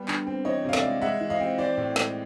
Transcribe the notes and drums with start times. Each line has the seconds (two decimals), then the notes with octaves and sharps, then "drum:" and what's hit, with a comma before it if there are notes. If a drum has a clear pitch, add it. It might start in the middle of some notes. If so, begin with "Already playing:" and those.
Already playing: G3 B3
0.08 D3, drum: clap
0.27 C4
0.45 E3 C#5 D#5
0.65 C3 F5
0.73 D5 E5, drum: snare
0.83 G#3
1.02 G#3 E5 F#5
1.21 E3
1.30 D#5 F5
1.40 C4
1.58 E3 C5 D5
1.77 A2
1.96 G#3, drum: snare